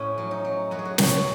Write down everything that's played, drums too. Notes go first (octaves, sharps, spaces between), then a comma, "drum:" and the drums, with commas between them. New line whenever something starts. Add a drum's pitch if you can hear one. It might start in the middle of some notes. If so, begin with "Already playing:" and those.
Already playing: A2 C#4
F#3
D#4
F#3
F#2 F#4
G#4
F#4
F#3, drum: snare
G#4
F#4